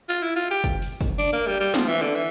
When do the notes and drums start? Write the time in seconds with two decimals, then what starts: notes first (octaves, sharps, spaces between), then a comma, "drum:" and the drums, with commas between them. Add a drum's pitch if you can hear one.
0.09 F4, drum: hi-hat
0.23 E4
0.36 F4
0.51 G4
0.64 drum: kick, hi-hat
0.82 drum: open hi-hat
1.01 drum: kick, open hi-hat
1.19 D4, drum: hi-hat
1.33 A#3
1.47 G3
1.60 G3
1.74 F3, drum: snare
1.88 E3
2.02 D3
2.16 E3